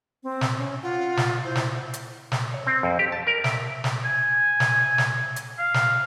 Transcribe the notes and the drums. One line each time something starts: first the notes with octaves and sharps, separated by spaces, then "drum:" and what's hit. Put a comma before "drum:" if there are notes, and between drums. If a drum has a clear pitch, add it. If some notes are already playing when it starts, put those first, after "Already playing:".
C4
drum: snare
C#4
F4 F#5
drum: snare
E4 C5
drum: snare
drum: hi-hat
drum: snare
C#5
C4
F2
G4
A5
A#4
E5, drum: snare
drum: snare
G#5
drum: snare
drum: snare
drum: hi-hat
F5
drum: snare